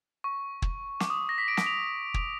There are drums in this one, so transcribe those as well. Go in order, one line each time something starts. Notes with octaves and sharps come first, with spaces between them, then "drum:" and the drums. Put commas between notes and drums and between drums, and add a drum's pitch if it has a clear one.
C#6
drum: kick
D6, drum: snare
D#6
A#6
B6
D7
drum: snare
F7
drum: kick